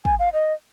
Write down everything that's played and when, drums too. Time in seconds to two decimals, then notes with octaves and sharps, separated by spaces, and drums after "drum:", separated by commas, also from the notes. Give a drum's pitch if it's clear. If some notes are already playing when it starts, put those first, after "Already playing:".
0.05 G#5, drum: kick
0.19 F5
0.33 D#5